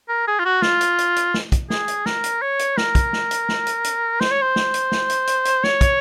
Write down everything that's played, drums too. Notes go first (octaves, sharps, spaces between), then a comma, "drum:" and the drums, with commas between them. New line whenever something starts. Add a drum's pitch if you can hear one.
A#4
G#4
F4
F#4
F4, drum: snare
drum: hi-hat
drum: hi-hat
drum: hi-hat
drum: snare
drum: kick, hi-hat
G#4, drum: snare
drum: hi-hat
A#4, drum: snare
drum: hi-hat
C#5
drum: hi-hat
A#4, drum: snare
drum: kick, hi-hat
drum: snare
drum: hi-hat
drum: snare
drum: hi-hat
drum: hi-hat
C5, drum: snare
C#5
C5
drum: snare
drum: hi-hat
drum: snare
drum: hi-hat
drum: hi-hat
drum: hi-hat
C#5, drum: snare
drum: kick, hi-hat